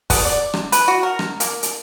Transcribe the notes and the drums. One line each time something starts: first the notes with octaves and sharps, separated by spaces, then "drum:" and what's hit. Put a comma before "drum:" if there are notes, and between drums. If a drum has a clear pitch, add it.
B3, drum: kick, open hi-hat
D5
drum: rim click
B4, drum: hi-hat
F#4
A#4
drum: rim click
A#3, drum: hi-hat
drum: hi-hat